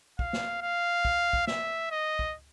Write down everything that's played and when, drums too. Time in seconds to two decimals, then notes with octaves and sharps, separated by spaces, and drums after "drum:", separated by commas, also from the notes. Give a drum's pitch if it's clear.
0.19 F5, drum: kick
0.33 drum: snare
0.62 F5
1.05 drum: kick
1.33 drum: kick
1.47 E5, drum: snare
1.91 D#5
2.19 drum: kick